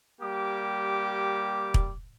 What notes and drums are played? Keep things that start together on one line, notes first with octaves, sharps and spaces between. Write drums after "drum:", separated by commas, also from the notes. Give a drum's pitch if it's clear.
G3 A#3 G4 D6
drum: kick